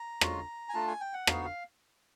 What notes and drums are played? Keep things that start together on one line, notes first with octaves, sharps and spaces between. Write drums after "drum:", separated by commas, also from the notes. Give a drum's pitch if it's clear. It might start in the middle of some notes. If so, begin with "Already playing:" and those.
Already playing: A#5
G#3 C#4 F4, drum: rim click
G#5
A3 D4 F4 A5
G#5
G5
F#5
B3 D#4 F#4 F5, drum: rim click
F5